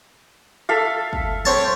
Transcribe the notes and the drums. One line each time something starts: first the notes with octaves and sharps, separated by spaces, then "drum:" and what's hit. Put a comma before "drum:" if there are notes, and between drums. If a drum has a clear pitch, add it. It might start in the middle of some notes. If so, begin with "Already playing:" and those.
A4 E5 F5
drum: kick
C4 C#5 A5